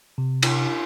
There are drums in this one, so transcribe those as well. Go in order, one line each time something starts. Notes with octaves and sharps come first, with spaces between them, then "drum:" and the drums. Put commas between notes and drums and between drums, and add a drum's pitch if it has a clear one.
C3
drum: cymbal